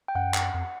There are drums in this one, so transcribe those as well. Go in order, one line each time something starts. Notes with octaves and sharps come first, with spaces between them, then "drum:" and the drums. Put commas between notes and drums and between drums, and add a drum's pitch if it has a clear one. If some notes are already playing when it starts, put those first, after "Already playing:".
G5
F#2 F#5
drum: clap
F2